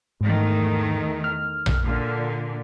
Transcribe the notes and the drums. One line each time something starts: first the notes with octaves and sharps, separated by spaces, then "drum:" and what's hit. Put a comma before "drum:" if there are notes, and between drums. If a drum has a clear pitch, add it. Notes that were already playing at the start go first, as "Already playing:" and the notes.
E2 G#2 D#3 A3
F6
drum: tom A#1
A#2 D3